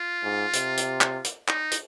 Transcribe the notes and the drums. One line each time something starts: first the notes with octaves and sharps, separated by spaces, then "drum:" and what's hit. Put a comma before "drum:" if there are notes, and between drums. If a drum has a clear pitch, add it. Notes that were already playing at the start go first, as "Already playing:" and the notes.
Already playing: F4
G#2
C3, drum: hi-hat
drum: hi-hat
drum: clap
drum: hi-hat
D#4, drum: clap
drum: hi-hat